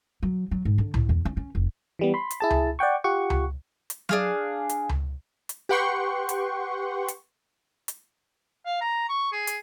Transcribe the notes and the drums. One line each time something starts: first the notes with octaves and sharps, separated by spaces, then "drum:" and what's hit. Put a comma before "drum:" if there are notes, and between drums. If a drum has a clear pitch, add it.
F#3
F#3
G#2
D3
A2, drum: tom C#2
E2
C#4
C#4
F1
E3 G3 B3
B5 C6
drum: hi-hat
E4 G#4 A5
drum: tom C#2
D5 F#5 G5 C#6
F4 G4 F#5 C#6
drum: tom C#2
drum: hi-hat
D4 G#4 F5, drum: tom F#3
drum: hi-hat
drum: tom C#2
drum: hi-hat
G4 B4 F#5 G5 C6 C#6
drum: hi-hat
drum: hi-hat
drum: hi-hat
F5
A#5
C#6
G#4
drum: hi-hat